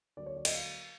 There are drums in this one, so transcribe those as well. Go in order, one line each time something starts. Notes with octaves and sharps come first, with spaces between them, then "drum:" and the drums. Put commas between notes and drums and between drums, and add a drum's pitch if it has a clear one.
D3 F#3 A#3 D5
C#5
D5
D#5, drum: cymbal
F5